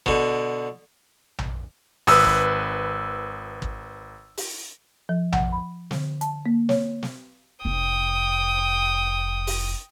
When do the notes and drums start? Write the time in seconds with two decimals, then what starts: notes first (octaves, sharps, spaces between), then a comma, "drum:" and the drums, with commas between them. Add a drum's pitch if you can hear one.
0.06 B2 D3, drum: kick
1.38 drum: tom A#1
2.07 G#1 B4 D#6 E6, drum: open hi-hat
2.24 drum: kick
3.62 drum: kick
4.37 drum: open hi-hat
5.09 F3
5.32 F#5, drum: tom A#1
5.52 B5
5.91 D3, drum: snare
6.21 A5, drum: hi-hat
6.46 A#3
6.69 C#5, drum: snare
7.03 drum: snare
7.65 F1 G5 D#6
9.47 drum: open hi-hat